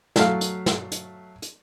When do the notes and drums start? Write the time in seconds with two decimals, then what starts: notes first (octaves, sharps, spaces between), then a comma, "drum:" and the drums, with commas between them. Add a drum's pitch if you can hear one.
0.16 F#3 A3 F5, drum: snare
0.41 drum: hi-hat
0.66 drum: snare
0.92 drum: hi-hat
1.42 drum: hi-hat